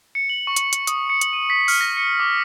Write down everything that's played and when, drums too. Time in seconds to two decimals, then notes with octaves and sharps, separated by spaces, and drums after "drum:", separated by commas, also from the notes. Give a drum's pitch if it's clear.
0.15 C#7
0.29 F#7
0.47 C#6
0.56 drum: hi-hat
0.73 drum: hi-hat
0.87 D#6, drum: hi-hat
1.10 C#7
1.21 F#7, drum: hi-hat
1.33 D#7
1.50 B6
1.68 F6, drum: open hi-hat
1.81 A#6
1.97 C#7
2.20 D6